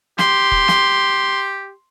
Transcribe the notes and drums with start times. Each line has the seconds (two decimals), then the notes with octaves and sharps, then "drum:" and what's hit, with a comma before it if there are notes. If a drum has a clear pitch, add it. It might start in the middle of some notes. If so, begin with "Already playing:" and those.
0.18 G4 C6, drum: snare
0.52 drum: kick E1
0.68 drum: snare